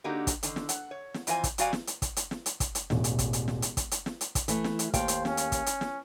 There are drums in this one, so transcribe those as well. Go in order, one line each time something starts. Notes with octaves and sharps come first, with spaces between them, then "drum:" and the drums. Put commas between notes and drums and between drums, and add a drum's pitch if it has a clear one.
D3 A#3 D#4 F#4 G4
drum: kick, hi-hat
D3 D#3, drum: hi-hat
drum: snare
F#5, drum: hi-hat
C#5
drum: snare
F2 E3 F4 C5 G#5, drum: hi-hat
drum: kick, hi-hat
F2 C3 F#4 D5 F5 G#5, drum: hi-hat
drum: snare
drum: hi-hat
drum: kick, hi-hat
drum: hi-hat
drum: snare
drum: hi-hat
drum: kick, hi-hat
drum: hi-hat
E1 A1, drum: snare
drum: hi-hat
drum: kick, hi-hat
drum: hi-hat
drum: snare
drum: hi-hat
drum: kick, hi-hat
drum: hi-hat
drum: snare
drum: hi-hat
drum: kick, hi-hat
E3 A3, drum: hi-hat
drum: snare
drum: hi-hat
D#2 C5 F5 G5, drum: kick, hi-hat
drum: hi-hat
C#4, drum: snare
drum: hi-hat
drum: kick, hi-hat
drum: hi-hat
drum: snare